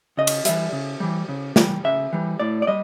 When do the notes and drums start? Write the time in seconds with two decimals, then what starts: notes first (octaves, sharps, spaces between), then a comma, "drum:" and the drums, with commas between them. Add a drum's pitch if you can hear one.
0.17 C#3 D#5
0.27 drum: cymbal
0.45 E3 G3 E5, drum: hi-hat
0.72 C#3
1.00 E3 G3
1.29 C#3
1.56 E3 G3, drum: snare
1.84 C#3 E5
2.13 E3 G3
2.40 A2 D5
2.62 D5
2.67 G3 D#5